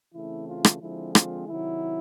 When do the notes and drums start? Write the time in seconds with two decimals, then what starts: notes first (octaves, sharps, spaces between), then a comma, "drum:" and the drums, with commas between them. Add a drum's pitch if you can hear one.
0.14 C#3 E3 A3 C4 E4
0.47 F4
0.65 drum: rim click
0.82 D3 F3 G#3 C4 E4
1.15 F4, drum: rim click
1.48 C3 D#3 F#3 E4